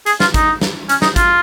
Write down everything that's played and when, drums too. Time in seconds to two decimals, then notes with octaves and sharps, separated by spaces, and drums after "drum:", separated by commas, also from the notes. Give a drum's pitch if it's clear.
0.06 G#4, drum: hi-hat
0.20 F4, drum: snare
0.34 D#4, drum: kick, hi-hat
0.62 drum: snare
0.89 C#4, drum: hi-hat
1.02 D#4, drum: snare
1.16 F4, drum: kick, hi-hat